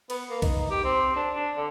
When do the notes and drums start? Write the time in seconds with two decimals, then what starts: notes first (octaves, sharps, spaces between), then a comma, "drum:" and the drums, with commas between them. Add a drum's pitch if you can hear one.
0.10 B3, drum: cymbal
0.30 A#3
0.42 D#4, drum: kick B1, cymbal
0.70 G4
0.84 C4
1.16 D4
1.35 D4
1.57 D3